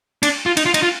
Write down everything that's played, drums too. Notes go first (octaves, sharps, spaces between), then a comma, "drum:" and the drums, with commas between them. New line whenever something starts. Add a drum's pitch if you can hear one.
D4, drum: cymbal
F4
D#4, drum: cymbal
F4
D#4, drum: cymbal
F4